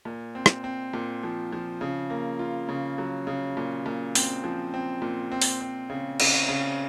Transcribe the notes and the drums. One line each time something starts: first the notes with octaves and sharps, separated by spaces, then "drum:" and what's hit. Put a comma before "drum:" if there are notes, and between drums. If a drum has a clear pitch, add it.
A#2
C4
drum: rim click
C4
A#2
F3
F3
C#3
A#3
F4
C#3
F#3
C#3
A#2
A#2
C4, drum: open hi-hat
F3
C4
A#2
C4
drum: open hi-hat
C4
C#3
C#3, drum: cymbal
C#3